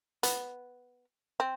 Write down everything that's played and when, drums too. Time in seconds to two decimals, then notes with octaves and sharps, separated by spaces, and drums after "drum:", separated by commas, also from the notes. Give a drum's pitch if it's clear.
0.23 B3, drum: hi-hat
1.40 C4